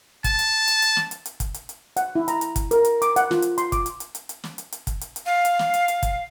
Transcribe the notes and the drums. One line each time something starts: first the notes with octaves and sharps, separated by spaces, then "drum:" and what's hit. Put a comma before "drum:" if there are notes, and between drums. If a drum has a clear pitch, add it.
A5, drum: kick, hi-hat
drum: hi-hat
drum: hi-hat
drum: hi-hat
drum: snare
drum: hi-hat
drum: hi-hat
drum: kick, hi-hat
drum: hi-hat
drum: hi-hat
F#5, drum: hi-hat
E4
A#5, drum: hi-hat
drum: hi-hat
drum: kick, hi-hat
A#4, drum: hi-hat
drum: hi-hat
D6, drum: hi-hat
F#5, drum: hi-hat
F4, drum: snare
drum: hi-hat
C6, drum: hi-hat
D6, drum: kick, hi-hat
drum: hi-hat
drum: hi-hat
drum: hi-hat
drum: hi-hat
drum: snare
drum: hi-hat
drum: hi-hat
drum: kick, hi-hat
drum: hi-hat
drum: hi-hat
F5
drum: hi-hat
drum: snare
drum: hi-hat
drum: hi-hat
drum: kick, hi-hat